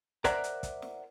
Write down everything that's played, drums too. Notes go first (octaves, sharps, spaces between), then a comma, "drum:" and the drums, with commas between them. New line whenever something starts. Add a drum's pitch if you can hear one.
A#4 C5 D5 E5 F#5 A#5, drum: kick, hi-hat
drum: hi-hat
drum: kick, hi-hat
drum: snare